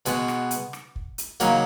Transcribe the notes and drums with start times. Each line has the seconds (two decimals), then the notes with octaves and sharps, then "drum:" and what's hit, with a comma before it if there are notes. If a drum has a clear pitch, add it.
0.06 B2 G#3 B3, drum: hi-hat
0.28 drum: rim click
0.51 drum: hi-hat
0.73 drum: rim click
0.96 drum: kick
1.18 drum: hi-hat
1.40 C#3 F#3 A#3 D#4, drum: hi-hat